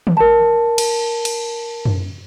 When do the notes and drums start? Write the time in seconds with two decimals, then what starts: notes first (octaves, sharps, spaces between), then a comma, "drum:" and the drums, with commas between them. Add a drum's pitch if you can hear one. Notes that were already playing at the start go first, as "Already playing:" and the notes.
0.07 drum: tom D#3
0.17 A#4 A5
0.78 drum: cymbal
1.25 drum: cymbal
1.85 drum: tom F#2